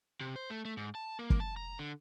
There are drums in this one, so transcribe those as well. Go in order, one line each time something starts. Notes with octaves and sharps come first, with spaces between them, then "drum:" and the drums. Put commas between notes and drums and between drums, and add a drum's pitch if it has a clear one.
C3
C5
A3
A3
G#2
A5
A#3
drum: kick
A5
A#5
D3